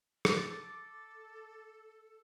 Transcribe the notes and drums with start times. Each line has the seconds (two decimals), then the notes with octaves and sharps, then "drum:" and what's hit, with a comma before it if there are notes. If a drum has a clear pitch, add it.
0.25 drum: rim click
0.37 A4 D6 A6